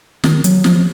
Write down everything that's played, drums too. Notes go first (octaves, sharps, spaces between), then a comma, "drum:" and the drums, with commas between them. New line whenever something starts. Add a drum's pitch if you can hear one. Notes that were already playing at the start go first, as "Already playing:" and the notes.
D#3, drum: snare
F#3, drum: hi-hat
F3, drum: snare